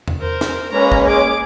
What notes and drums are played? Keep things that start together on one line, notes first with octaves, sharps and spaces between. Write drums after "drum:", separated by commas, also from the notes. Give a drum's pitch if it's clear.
drum: tom E2
A#4 C5
drum: snare
G#3 A#3 C#4 B4 C#5 A#5
drum: kick
G#4 D6